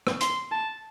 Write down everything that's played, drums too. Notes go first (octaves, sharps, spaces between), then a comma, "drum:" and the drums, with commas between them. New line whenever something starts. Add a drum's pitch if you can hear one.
drum: rim click
C6, drum: hi-hat
A5